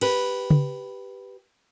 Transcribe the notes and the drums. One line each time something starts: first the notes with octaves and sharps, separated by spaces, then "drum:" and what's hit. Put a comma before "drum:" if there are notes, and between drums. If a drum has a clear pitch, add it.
G4 B4, drum: cymbal
drum: tom C#3